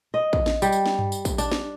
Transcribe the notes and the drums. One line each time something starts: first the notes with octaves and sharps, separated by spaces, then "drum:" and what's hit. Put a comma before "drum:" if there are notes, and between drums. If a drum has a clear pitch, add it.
D#5
drum: kick
drum: snare
G3, drum: tambourine
drum: tambourine
drum: snare
drum: tom G2
drum: tambourine
drum: kick, tambourine
D4, drum: tambourine
drum: snare